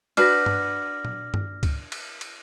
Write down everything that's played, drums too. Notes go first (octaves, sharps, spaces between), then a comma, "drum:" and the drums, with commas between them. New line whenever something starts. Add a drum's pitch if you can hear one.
D4 F#4 B4 F6 A#6, drum: cymbal
drum: tom G2
drum: tom A#2
drum: tom G2
drum: kick C#2, cymbal
drum: cymbal
drum: cymbal